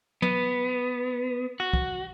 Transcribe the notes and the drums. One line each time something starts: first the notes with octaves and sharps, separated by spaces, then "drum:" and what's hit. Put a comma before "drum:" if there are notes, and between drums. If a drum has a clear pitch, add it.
B3, drum: tom
F#4
drum: kick